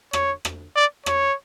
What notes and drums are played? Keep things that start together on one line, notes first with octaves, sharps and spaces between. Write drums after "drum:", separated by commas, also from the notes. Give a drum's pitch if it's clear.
C#5, drum: rim click
drum: rim click
D5
C#5, drum: rim click